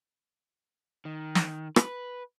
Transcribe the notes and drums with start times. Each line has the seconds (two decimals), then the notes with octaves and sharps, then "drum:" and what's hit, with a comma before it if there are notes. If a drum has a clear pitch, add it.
1.05 D#3
1.35 drum: snare
1.76 B4, drum: rim click